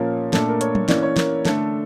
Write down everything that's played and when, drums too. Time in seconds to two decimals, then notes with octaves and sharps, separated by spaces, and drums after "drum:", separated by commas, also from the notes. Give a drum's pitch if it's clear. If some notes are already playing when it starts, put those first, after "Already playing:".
Already playing: A#2 F3 C#4 A#4 C#5
0.33 A#2 A3 D4 A4, drum: snare
0.48 A#4
0.61 C#5, drum: hi-hat
0.75 drum: tom F#3
0.89 E3 A#3 C#4 D5, drum: snare
1.03 C#5
1.16 A#4, drum: snare
1.45 D3 A3 D4 A4, drum: snare